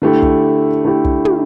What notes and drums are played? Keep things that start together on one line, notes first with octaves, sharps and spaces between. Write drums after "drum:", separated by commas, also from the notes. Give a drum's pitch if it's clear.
D3 A3 E4 G4
drum: kick
D3 A3 E4 G4
drum: kick
drum: tom